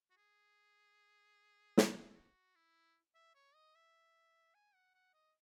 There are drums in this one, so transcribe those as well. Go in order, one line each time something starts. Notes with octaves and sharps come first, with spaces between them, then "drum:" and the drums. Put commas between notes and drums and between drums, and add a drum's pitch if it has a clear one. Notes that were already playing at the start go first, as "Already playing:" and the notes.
F#4
G#4
drum: snare
E4
F#4
E4
E5
C#5
D#5
E5
G#5
F#5
F#5
D#5